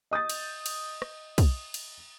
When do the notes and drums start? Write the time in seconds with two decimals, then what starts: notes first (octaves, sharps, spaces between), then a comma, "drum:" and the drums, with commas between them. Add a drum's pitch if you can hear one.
0.11 D#5 D#6 G6 A6
0.29 drum: cymbal
0.66 drum: cymbal
1.02 drum: rim click
1.38 drum: kick, cymbal
1.74 drum: cymbal